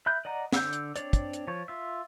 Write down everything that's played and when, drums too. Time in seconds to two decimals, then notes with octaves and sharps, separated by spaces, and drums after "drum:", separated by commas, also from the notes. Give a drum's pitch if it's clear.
0.06 E5 B5 F#6 G6
0.25 D5 D#5 F#5 A#5
0.53 D3 E6 G6, drum: snare
0.73 drum: hi-hat
0.96 C4 D4 C#5 D5, drum: hi-hat
1.13 drum: kick, hi-hat
1.33 drum: hi-hat
1.48 F3 C#5
1.68 F4 E5